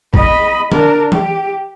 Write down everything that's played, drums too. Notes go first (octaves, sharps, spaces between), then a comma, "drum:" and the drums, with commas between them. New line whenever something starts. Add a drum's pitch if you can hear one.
D#5 B5, drum: kick
D4 A#4, drum: tom D3
G4, drum: tom E3